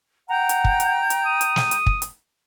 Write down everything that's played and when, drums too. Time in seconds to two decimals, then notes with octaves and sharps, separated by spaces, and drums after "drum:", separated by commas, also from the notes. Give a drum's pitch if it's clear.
0.30 F#5 G5 A#5 G6
0.49 drum: hi-hat
0.65 drum: kick
0.80 drum: hi-hat
1.10 drum: hi-hat
1.26 D#6
1.41 drum: hi-hat
1.56 drum: snare
1.71 drum: hi-hat
1.86 drum: kick
2.02 drum: hi-hat